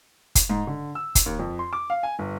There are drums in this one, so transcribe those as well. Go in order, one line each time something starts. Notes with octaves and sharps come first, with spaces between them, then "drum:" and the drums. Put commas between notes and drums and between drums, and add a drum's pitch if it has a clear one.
drum: kick, hi-hat
G#2
D3
E6
drum: kick, hi-hat
D#2
F2
C6
D6
F5
G#5
G1